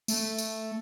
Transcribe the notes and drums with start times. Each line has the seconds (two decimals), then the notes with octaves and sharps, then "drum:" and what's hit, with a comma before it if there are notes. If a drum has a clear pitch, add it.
0.08 A3, drum: tambourine
0.38 drum: tambourine